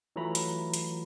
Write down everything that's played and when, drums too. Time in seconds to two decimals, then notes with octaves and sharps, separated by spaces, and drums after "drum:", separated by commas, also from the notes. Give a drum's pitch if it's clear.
0.16 E3 F#3 A3 F4 A#5 B5
0.35 drum: hi-hat
0.74 drum: hi-hat